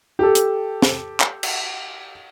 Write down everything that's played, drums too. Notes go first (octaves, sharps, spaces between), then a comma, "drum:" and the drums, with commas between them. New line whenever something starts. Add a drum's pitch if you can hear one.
G4 A4
drum: hi-hat
drum: snare
drum: clap
drum: cymbal